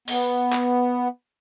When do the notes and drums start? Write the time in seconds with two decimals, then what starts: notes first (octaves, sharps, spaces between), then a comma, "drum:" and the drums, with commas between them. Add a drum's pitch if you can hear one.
0.08 B3, drum: open hi-hat
0.53 drum: clap